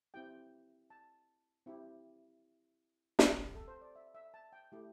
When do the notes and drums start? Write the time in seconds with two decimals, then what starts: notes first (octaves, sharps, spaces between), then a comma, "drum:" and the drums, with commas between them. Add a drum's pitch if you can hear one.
0.14 C4 E4 G4 G5
0.90 A5
1.66 C4 E4 G4
3.19 C4 G4 G5, drum: snare
3.54 A4
3.68 C5
3.82 D5
3.96 E5
4.15 E5
4.34 A5
4.53 G5
4.72 A3 E4 G4